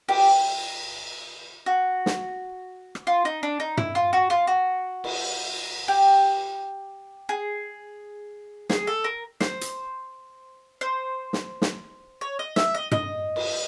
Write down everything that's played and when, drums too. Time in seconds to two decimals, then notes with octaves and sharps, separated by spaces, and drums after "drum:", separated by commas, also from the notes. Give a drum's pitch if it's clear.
0.09 G4, drum: cymbal
1.66 F#4
2.06 drum: snare
2.95 drum: rim click
3.07 F4
3.25 D#4
3.43 D4
3.60 D#4
3.77 E4, drum: tom
3.95 F4
4.13 F#4
4.30 F4
4.47 F#4
5.04 drum: cymbal
5.88 G4
7.29 G#4
8.70 G#4, drum: snare
8.87 A4
9.04 A#4
9.41 C5, drum: snare
9.61 drum: hi-hat
10.81 C5
11.33 drum: snare
11.62 drum: snare
12.21 C#5
12.39 D#5
12.56 E5, drum: snare
12.75 D#5
12.92 D#5, drum: tom
13.36 drum: cymbal